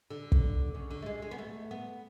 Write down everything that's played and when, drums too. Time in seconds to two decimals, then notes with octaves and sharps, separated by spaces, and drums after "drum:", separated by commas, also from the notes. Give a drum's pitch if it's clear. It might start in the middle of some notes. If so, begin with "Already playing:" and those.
0.11 D3
0.32 drum: kick
0.75 C#3
0.91 D3
1.02 A3
1.06 G#3
1.22 G#3
1.31 B3
1.39 A3
1.71 B3